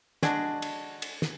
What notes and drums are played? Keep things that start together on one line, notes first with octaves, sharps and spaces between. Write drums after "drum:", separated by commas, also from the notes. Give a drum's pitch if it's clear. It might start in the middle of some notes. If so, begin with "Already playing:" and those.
G#3 D4 F#4, drum: snare
drum: cymbal
drum: cymbal
drum: snare